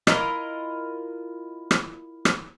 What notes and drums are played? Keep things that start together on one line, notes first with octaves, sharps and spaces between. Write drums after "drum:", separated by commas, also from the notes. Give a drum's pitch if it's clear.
E4 F4 A#4 D#5, drum: rim click
drum: rim click
drum: rim click